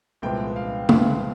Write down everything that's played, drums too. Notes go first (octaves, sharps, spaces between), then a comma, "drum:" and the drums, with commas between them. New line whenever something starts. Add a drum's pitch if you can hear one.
C2 A#2 F3 G#3 B3 G5
F5
C2 A#2 F3 G#3 B3 F5, drum: tom